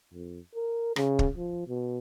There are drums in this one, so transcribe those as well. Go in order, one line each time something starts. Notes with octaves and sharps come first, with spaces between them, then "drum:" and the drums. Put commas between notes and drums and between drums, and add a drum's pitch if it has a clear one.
F2
A#4
C#3, drum: rim click
drum: kick
F3
B2